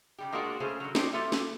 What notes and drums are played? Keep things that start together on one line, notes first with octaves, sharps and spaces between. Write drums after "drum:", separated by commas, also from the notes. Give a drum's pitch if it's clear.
C#3 G3 G4
G#3 A#3 D4 F4 F#4 D5
C#3 A3 C#4 G#4 C5
D3 F#3
D#4 G4 A4 C5 D5, drum: snare
F4 G4 A4 E5
drum: snare